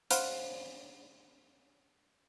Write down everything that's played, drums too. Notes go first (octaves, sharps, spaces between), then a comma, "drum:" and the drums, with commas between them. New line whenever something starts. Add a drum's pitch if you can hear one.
C5 F5 F#5 B5, drum: hi-hat